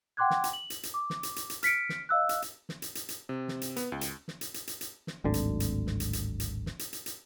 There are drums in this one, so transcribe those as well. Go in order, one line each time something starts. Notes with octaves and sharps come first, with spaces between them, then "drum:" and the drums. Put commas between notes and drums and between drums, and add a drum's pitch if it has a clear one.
F#5 G5 C6 D6 F#6 G#6
drum: snare
drum: hi-hat
F#7
drum: hi-hat
drum: hi-hat
D6
drum: snare
drum: hi-hat
drum: hi-hat
drum: hi-hat
F6 B6 C#7 D7, drum: hi-hat
drum: snare
D#5 F5 E6 F#6
drum: hi-hat
drum: hi-hat
drum: snare
drum: hi-hat
drum: hi-hat
drum: hi-hat
C3
drum: snare
drum: hi-hat
B3, drum: hi-hat
C#2
drum: hi-hat
drum: snare
drum: hi-hat
drum: hi-hat
drum: hi-hat
drum: hi-hat
drum: snare
D1 G#1 D3
drum: hi-hat
drum: hi-hat
drum: snare
drum: hi-hat
drum: hi-hat
drum: hi-hat
drum: snare
drum: hi-hat
drum: hi-hat
drum: hi-hat